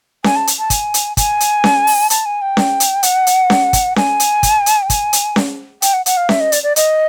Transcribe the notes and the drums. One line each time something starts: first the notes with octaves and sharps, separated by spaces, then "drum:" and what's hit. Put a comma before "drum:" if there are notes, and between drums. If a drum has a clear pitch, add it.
G#5, drum: snare C#4
A5
drum: hi-hat
A5
G#5, drum: kick, hi-hat
drum: hi-hat
G#5, drum: kick, hi-hat
drum: hi-hat
drum: snare C#4
drum: open hi-hat
A5, drum: hi-hat
G#5
G5
drum: snare C#4
drum: hi-hat
F#5, drum: hi-hat
drum: hi-hat
drum: snare C#4
drum: kick, hi-hat
G#5, drum: snare C#4
drum: hi-hat
drum: kick, hi-hat
drum: hi-hat
G5
G#5, drum: kick, hi-hat
drum: hi-hat
drum: snare C#4
G5, drum: hi-hat
F#5
F#5, drum: hi-hat
F5
E5, drum: snare C#4
D#5
D5, drum: hi-hat
D5
D#5, drum: hi-hat